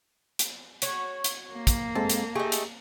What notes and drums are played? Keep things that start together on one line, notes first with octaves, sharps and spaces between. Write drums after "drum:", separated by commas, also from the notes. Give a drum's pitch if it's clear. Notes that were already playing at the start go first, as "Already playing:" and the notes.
drum: hi-hat
F#4 C#5, drum: hi-hat
drum: hi-hat
A#3
drum: kick, hi-hat
G#3 C4 A4 A5
drum: hi-hat
A3 D#4 G4 G#4
drum: hi-hat